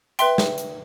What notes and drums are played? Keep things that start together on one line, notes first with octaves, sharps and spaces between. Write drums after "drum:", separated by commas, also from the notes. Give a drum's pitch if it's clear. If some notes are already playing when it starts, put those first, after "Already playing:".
B4 E5 G5 C6, drum: hi-hat
drum: snare
drum: hi-hat